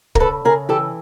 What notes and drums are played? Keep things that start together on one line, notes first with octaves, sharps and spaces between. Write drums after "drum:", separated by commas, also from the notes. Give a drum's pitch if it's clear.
A#4, drum: kick
C#3 A4 B4
C#3 G#4 A#4
E3 G4 A4